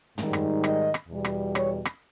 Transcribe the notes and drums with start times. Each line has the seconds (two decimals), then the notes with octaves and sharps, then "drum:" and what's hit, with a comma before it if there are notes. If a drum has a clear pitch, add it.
0.18 G#2 D#3 G3, drum: tom
0.33 drum: rim click
0.64 D#5, drum: rim click
0.94 drum: rim click
1.09 E2 B2 G3
1.25 drum: rim click
1.55 C#5, drum: rim click
1.85 drum: rim click